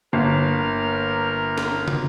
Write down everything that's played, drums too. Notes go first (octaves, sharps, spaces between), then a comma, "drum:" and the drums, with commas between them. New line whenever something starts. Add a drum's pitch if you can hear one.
G1 A#3 A#4
drum: snare
drum: tom